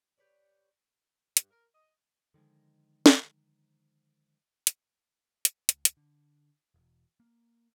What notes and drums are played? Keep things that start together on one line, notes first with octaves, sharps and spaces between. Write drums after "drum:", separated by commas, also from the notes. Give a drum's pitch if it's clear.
G4 B4 C#5 D5
G2, drum: hi-hat
A#4
D#5
D3 D#3 F3 G#3
drum: snare
drum: hi-hat
drum: hi-hat
C#2, drum: hi-hat
drum: hi-hat
D3
E1
A#3